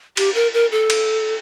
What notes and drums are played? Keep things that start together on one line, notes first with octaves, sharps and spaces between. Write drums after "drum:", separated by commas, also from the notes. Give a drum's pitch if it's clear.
G4, drum: cymbal
A#4
A#4
A4
drum: cymbal